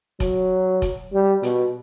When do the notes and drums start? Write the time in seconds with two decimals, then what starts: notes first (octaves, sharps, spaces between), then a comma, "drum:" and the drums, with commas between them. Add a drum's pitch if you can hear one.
0.20 F#3, drum: kick F1, hi-hat
0.82 drum: kick F1, hi-hat
1.13 G3
1.43 B2, drum: hi-hat